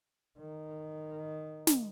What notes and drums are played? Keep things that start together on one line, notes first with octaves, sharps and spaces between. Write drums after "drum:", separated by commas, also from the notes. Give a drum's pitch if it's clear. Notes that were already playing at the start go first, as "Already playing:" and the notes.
D#3
drum: snare